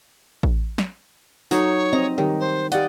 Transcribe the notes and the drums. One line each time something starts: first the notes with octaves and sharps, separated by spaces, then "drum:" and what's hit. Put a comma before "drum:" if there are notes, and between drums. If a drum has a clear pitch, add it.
drum: kick A1
drum: snare
F#3 D#4 A4 C#5, drum: tambourine
C4 D#5 A#5
D#3 G3 G4 C#5
C5
G4 D5 D#5 F5 F#5, drum: hi-hat